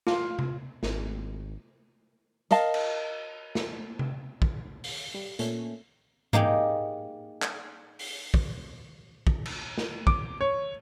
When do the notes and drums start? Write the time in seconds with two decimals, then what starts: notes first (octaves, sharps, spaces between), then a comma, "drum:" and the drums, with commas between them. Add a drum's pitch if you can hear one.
0.07 F4, drum: snare
0.39 drum: tom C3
0.83 G#1, drum: snare
2.51 A#4 D#5 F5 A5, drum: hi-hat
2.74 drum: cymbal
3.55 drum: snare
3.99 drum: tom C3
4.42 drum: kick
4.84 drum: open hi-hat
5.14 G3
5.39 A#2 A3 C#4, drum: hi-hat
6.33 A#3 D#4 G4 G#4, drum: tom G#2
7.42 drum: clap
7.99 drum: open hi-hat
8.34 drum: kick
9.27 drum: kick
9.46 drum: cymbal
9.78 drum: snare
10.07 D6, drum: kick
10.41 C#5